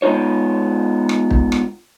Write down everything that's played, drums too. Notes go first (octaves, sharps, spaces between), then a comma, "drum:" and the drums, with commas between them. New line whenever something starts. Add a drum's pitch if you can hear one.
G#3 B3 D#4 F4 C#5
drum: rim click
drum: kick
drum: rim click